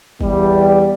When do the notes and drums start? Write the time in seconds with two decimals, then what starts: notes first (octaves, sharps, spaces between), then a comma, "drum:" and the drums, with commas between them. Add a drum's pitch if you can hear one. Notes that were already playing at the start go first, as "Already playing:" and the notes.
0.21 E2 G3, drum: kick